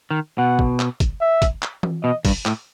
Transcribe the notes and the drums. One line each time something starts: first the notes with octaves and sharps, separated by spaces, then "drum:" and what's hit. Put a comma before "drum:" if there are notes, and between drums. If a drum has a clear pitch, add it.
D#3
B2 F#5
drum: kick
drum: clap
drum: kick, hi-hat
E5
drum: kick, hi-hat
drum: clap
drum: tom E3
B2 D#5
G2, drum: kick, open hi-hat
A2, drum: clap